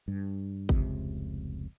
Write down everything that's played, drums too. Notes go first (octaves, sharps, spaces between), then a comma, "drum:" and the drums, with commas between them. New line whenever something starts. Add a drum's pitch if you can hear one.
G2
F1 C#2 C3, drum: kick G#1